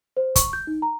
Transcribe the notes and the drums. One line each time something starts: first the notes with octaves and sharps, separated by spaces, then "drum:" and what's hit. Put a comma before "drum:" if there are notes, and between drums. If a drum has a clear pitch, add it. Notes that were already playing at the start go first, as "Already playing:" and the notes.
C5
C#6, drum: kick, hi-hat
G6
D#4
A#5